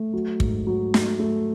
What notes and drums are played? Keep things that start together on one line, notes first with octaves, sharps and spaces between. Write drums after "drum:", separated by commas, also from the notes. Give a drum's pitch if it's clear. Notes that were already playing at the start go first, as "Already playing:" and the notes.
Already playing: A3
F#3
G#2, drum: kick
F#3
A3, drum: snare
A3